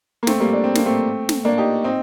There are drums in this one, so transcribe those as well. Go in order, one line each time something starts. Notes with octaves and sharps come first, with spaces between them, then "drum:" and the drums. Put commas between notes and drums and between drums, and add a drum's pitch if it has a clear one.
A#3
A3 C4, drum: snare
G3 A#3
D4
C4
A#3, drum: snare
A3 C4
drum: snare
A#3 D4
D#4 G4
C4 D#4